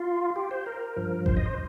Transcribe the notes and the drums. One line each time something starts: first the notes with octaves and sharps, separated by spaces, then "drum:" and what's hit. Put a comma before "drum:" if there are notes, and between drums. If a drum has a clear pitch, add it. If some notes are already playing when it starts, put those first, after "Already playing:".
Already playing: F4
G4
C5
A#4
G2 F3
C5, drum: kick G#1
D#5
C5